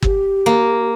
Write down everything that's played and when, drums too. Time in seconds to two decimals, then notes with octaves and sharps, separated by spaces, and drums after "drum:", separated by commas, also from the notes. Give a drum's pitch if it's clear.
0.02 G4, drum: kick
0.46 A#3